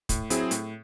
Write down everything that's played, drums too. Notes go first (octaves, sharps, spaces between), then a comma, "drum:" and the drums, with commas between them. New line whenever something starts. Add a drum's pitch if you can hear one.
A2, drum: kick, hi-hat
F#3 C4 E4 G#4, drum: hi-hat
A2, drum: hi-hat